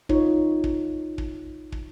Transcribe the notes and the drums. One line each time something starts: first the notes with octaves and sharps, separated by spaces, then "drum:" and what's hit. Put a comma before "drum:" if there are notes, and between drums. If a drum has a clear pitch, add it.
D#4 F4 C#5, drum: kick
drum: kick
drum: kick
drum: kick